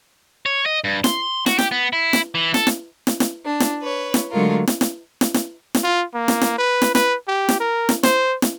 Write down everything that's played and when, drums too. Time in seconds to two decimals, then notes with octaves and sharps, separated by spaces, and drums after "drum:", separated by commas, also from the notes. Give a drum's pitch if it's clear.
0.46 C#5
0.66 D#5
0.84 G2
1.04 C6, drum: snare
1.46 F#4, drum: snare
1.59 G4, drum: snare
1.72 B3
1.93 E4
2.13 drum: snare
2.35 E3
2.54 A4, drum: snare
2.67 drum: snare
3.07 drum: snare
3.20 drum: snare
3.44 D4
3.60 drum: snare
3.82 B4 C#5
4.14 drum: snare
4.30 D3 F#3 G#3 A3 F4 A#4
4.67 drum: snare
4.81 drum: snare
5.21 drum: snare
5.34 drum: snare
5.75 drum: snare
5.84 F4
6.14 A#3
6.28 drum: snare
6.41 drum: snare
6.58 B4
6.82 drum: snare
6.95 B4, drum: snare
7.28 G4
7.49 drum: snare
7.60 A#4
7.89 drum: snare
8.03 C5, drum: snare
8.42 drum: snare